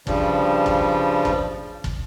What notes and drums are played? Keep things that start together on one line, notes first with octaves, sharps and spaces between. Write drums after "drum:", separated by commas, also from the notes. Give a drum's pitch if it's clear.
G2 C#3 F3 G3, drum: kick
drum: kick
drum: kick
drum: kick